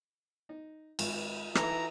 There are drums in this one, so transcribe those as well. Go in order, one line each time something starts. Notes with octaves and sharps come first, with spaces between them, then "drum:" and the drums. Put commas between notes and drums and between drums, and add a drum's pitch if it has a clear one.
D#4
G#1, drum: cymbal
E3 D#4 A4 A#5, drum: rim click